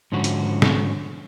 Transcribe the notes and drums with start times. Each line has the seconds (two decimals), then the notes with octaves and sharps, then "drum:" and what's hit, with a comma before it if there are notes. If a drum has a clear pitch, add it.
0.12 G#2 D3 F3 C#4 F#4
0.24 drum: hi-hat
0.62 drum: snare